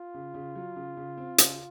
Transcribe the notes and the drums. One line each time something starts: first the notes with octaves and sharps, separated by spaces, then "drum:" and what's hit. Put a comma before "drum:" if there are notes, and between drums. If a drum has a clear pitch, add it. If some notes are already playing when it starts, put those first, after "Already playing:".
Already playing: F4
C#3
C#3
F#3
C#3
C#3
C4
C#3, drum: hi-hat